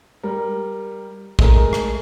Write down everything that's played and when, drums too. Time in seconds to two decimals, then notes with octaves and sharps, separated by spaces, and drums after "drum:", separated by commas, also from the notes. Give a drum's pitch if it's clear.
0.23 G3 A#4
1.39 G#3 A3 G#4 A#4, drum: kick A#1
1.73 drum: rim click